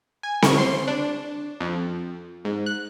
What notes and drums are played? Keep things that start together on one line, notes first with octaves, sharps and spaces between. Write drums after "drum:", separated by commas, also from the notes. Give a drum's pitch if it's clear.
G#5
C#6, drum: snare C4
C6
D4
F2
G#2
F#6